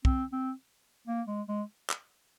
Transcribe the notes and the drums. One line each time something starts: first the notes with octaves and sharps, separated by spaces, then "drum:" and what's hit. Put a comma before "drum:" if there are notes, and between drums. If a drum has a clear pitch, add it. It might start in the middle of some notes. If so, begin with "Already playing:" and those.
C4, drum: kick
C4
A#3
G#3
G#3
drum: clap